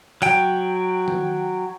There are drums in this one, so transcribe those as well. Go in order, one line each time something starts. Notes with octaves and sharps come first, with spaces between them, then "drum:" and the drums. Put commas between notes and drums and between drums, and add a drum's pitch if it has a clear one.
F#3 G5, drum: open hi-hat
drum: tom D#3